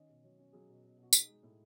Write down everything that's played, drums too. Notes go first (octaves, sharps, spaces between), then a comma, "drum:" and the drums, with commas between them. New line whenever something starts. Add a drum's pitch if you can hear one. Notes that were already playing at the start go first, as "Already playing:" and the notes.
Already playing: D#3 C#4 D#5
B2
F#3 C#5
C#4
F#3 G#4
B2
B2
B2
F#4
D#4 G#4, drum: tambourine
G#3
A2